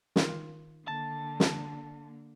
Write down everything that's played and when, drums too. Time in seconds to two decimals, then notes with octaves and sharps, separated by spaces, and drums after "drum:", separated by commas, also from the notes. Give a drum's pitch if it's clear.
0.16 D#3 F4, drum: snare
0.88 D3 A#3 A5
1.40 drum: snare